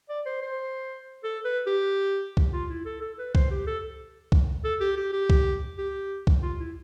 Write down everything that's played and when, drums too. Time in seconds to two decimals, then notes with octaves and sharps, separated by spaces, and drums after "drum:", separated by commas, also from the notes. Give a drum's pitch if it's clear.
0.09 D5
0.26 C5
0.42 C5
1.24 A4
1.44 B4
1.67 G4
2.37 drum: kick C2
2.53 F4
2.70 E4
2.85 A4
3.02 A4
3.19 B4
3.35 C5, drum: kick C2
3.51 G4
3.67 A4
4.32 drum: kick C2
4.64 A4
4.81 G4
4.97 G4
5.13 G4
5.30 drum: kick C2
5.78 G4
6.27 drum: kick C2
6.43 F4
6.59 E4